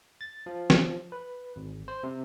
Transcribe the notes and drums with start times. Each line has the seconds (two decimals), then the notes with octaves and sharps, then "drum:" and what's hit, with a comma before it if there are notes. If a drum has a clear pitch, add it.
0.21 A6
0.46 F3
0.70 drum: snare
1.12 B4
1.56 G#1
1.88 C5
2.03 C3